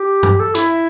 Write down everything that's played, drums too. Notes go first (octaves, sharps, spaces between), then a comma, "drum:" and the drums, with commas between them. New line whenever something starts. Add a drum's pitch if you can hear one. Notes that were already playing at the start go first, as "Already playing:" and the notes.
Already playing: G4
drum: tom G2
A4
E4, drum: hi-hat